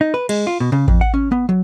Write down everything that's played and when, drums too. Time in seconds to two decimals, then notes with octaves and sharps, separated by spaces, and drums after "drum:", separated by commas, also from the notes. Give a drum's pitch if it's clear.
0.01 D#4
0.14 B4
0.29 G#3, drum: cymbal
0.47 F4
0.60 B2
0.72 C#3
0.88 F2, drum: kick A1
1.01 F#5
1.14 C#4
1.32 B3
1.49 F#3